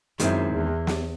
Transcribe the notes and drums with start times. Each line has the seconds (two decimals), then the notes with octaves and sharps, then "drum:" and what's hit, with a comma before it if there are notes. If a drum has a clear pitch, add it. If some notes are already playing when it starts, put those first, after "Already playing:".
0.19 F#2 D#3 G#3 C4 E4, drum: hi-hat
0.53 E2
0.87 drum: snare